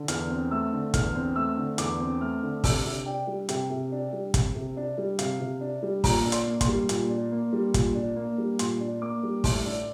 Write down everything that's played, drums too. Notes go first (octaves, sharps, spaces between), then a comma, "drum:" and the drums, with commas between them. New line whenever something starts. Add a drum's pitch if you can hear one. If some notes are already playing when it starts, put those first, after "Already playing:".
Already playing: D3
E2 F6, drum: hi-hat
C4
A3 E6
D3
E2 F6, drum: kick, hi-hat
C4
A3 E6
D3
E2 D6, drum: hi-hat
C4
A3 F6
D3
C3 E6, drum: kick, open hi-hat
C3
D4 G5
G3
C3 G5, drum: hi-hat
C3
D4
G3
C3, drum: kick, hi-hat
C3
D4
G3
C3 F5, drum: hi-hat
C3
D4
G3
A#2 A#5, drum: kick, open hi-hat
D4
C6, drum: hi-hat
A#3
C6, drum: kick, hi-hat
G3
A#2, drum: hi-hat
D4
A#3
G3
A#2, drum: kick, hi-hat
D4
A#3
G3
A#2 C6, drum: hi-hat
D4
A#3 D6
G3
A2 C6, drum: kick, open hi-hat
D4